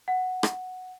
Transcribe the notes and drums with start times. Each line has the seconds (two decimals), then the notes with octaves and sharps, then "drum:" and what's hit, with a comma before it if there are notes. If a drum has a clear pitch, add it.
0.08 F#5
0.43 drum: rim click